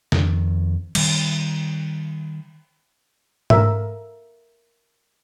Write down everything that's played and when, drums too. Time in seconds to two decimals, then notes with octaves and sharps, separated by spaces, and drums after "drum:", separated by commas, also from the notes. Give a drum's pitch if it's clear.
0.12 F2 D#3, drum: snare
0.95 D#3 G3, drum: cymbal
3.50 A#4 E5, drum: tom G#2